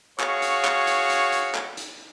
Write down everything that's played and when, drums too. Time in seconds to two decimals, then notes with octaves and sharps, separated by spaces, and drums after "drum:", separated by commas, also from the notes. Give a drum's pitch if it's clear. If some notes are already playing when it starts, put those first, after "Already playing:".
0.20 F#4 G#4 C#5 F5 C#6, drum: clap
0.42 drum: hi-hat
0.65 drum: clap
0.87 drum: hi-hat
1.10 drum: hi-hat
1.32 drum: hi-hat
1.55 drum: clap
1.77 drum: hi-hat